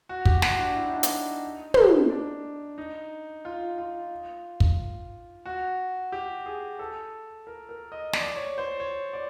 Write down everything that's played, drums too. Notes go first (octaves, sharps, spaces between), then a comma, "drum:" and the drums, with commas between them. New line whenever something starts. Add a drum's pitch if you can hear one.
F#4
G4, drum: kick
F#4, drum: snare
D4
E4
D#4
D4
D#4, drum: hi-hat
drum: tom
D4
D#4
F4
F4
drum: kick
F#4
G4
G#4
A4
A#4
A#4
D#5
D5, drum: snare
C#5
C5
C#5
D5